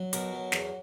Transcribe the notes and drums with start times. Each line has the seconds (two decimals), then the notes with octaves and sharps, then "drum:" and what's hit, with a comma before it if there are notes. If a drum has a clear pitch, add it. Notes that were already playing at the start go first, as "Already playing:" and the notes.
Already playing: F#3
0.13 B2 F#4 A#4, drum: hi-hat
0.33 F#3
0.52 E2, drum: snare